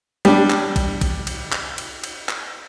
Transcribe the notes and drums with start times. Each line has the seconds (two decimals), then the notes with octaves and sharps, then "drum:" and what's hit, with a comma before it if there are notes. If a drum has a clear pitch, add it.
0.25 G3 D4, drum: cymbal
0.50 drum: clap
0.76 drum: kick, cymbal
1.01 drum: kick, cymbal
1.27 drum: cymbal
1.52 drum: clap
1.78 drum: cymbal
2.04 drum: cymbal
2.29 drum: clap